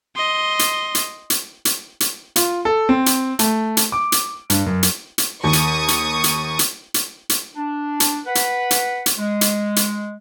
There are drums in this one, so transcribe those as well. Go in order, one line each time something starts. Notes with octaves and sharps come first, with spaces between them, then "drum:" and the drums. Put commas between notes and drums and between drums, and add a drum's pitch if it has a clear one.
D#5 C6
drum: hi-hat
drum: hi-hat
drum: hi-hat
drum: hi-hat
drum: hi-hat
F4, drum: hi-hat
A4
C4
drum: hi-hat
A3, drum: hi-hat
drum: hi-hat
D6
drum: hi-hat
G2, drum: hi-hat
F#2
drum: hi-hat
drum: hi-hat
D#2 C#6 D#6
drum: hi-hat
drum: hi-hat
drum: hi-hat
drum: hi-hat
drum: hi-hat
drum: hi-hat
D4
drum: hi-hat
B4 F#5
drum: hi-hat
drum: hi-hat
drum: hi-hat
G#3
drum: hi-hat
drum: hi-hat